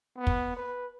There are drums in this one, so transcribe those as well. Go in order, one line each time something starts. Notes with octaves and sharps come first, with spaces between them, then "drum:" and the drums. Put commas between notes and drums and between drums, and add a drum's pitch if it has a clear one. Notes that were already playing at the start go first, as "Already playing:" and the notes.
B3
drum: kick
B4